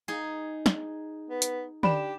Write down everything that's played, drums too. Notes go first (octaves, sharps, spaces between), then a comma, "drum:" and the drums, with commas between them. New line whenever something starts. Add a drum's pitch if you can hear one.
D#4 G#4
drum: snare
B3
drum: hi-hat
D4 G4 B5 E7, drum: tom